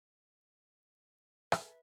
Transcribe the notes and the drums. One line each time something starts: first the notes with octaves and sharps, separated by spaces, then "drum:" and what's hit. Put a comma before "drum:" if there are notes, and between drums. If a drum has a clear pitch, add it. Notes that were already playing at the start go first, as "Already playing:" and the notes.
G#4 A4 B4 E5, drum: rim click